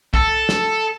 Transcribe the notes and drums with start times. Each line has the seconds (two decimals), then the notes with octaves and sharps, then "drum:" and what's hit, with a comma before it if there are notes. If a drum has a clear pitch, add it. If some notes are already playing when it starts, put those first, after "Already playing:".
0.14 A4, drum: kick B1
0.49 drum: snare